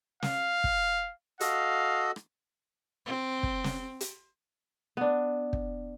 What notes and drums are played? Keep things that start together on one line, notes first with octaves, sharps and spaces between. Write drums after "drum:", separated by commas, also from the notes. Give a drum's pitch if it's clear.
F5, drum: snare
drum: kick
F#4 A4 D#5 F5, drum: hi-hat
drum: rim click
C4
drum: kick
drum: snare
drum: hi-hat
B3 D4
drum: kick